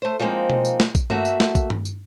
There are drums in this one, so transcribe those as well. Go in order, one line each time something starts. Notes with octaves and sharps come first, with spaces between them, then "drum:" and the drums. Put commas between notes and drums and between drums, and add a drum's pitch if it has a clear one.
A3 C5
F3 G3 G#3 A#3 C4 D#4
drum: tom B2
drum: tambourine
drum: snare
drum: kick A#1, tambourine
A3 A#3 F#4 E5, drum: tom G2
drum: tambourine
drum: snare
drum: kick A#1, tambourine
drum: tom G2
drum: tambourine